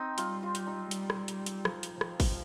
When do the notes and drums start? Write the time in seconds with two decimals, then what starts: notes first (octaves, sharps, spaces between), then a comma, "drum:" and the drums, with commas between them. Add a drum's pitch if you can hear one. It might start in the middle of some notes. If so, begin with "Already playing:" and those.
Already playing: C4 D#4
0.18 G3 F4, drum: hi-hat
0.43 F4
0.55 drum: hi-hat
0.67 D#4
0.91 G3, drum: hi-hat
1.10 drum: rim click
1.28 drum: hi-hat
1.46 drum: hi-hat
1.65 F3, drum: rim click
1.83 drum: hi-hat
2.01 F3, drum: rim click
2.20 drum: kick, open hi-hat